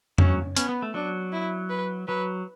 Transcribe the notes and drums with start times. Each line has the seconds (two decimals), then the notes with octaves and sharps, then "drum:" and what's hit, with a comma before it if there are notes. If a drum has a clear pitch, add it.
0.18 F#3 C#4, drum: tom
0.57 B3 C#4, drum: hi-hat
0.69 B3
0.82 A3
0.94 F#3 D4
1.32 E4
1.70 B4
2.08 F#3 B4